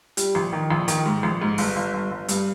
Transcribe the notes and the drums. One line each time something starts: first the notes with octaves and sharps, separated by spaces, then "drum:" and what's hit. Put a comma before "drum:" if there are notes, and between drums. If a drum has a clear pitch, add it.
G3, drum: hi-hat
A#1
D#3
A#1
D#3, drum: hi-hat
G#2
A#1
G#2
G1, drum: open hi-hat
G1
G1
G1
G2, drum: hi-hat